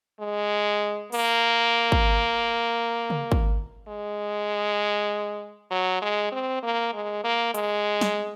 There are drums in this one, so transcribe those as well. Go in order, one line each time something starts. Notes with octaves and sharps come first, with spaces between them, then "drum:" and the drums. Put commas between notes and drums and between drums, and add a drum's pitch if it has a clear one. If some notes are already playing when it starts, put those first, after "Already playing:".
G#3
A#3, drum: open hi-hat
drum: kick
drum: tom C#3
drum: kick
G#3
F#3
G#3
C4
A#3
G#3
A#3
G#3, drum: hi-hat
drum: snare